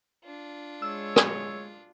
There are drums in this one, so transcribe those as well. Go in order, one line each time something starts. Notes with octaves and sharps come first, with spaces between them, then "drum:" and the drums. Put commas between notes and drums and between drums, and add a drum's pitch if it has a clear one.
D4 F4
G#3 C#5 E6
drum: rim click